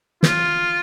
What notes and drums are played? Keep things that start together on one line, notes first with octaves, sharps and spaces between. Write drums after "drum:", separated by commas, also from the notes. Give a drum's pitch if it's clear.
F4, drum: snare